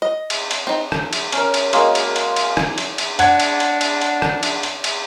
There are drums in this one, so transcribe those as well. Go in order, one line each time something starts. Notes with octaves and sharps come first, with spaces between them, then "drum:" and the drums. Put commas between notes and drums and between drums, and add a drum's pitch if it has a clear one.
D#5
drum: cymbal
drum: cymbal
C4 D#4
drum: rim click
drum: cymbal
C#4 A#4, drum: cymbal
drum: cymbal
G#3 A#3 F#4 D#5, drum: cymbal
drum: cymbal
drum: cymbal
drum: cymbal
drum: rim click
drum: cymbal
drum: cymbal
D4 F#5 G#6, drum: cymbal
drum: cymbal
drum: cymbal
drum: cymbal
drum: cymbal
drum: rim click
drum: cymbal
drum: cymbal
drum: cymbal